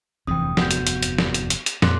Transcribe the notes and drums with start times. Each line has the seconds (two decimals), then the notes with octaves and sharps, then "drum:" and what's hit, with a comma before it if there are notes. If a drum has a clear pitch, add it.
0.27 F1 E2 G2 E3 C4 G5 D#6
0.57 B3 F#4 F#5 G6, drum: snare
0.71 drum: hi-hat
0.87 drum: hi-hat
1.03 drum: hi-hat
1.18 drum: snare
1.34 drum: hi-hat
1.50 drum: hi-hat
1.66 drum: hi-hat
1.82 F2 A#2 C4 C6 D6 F#6, drum: snare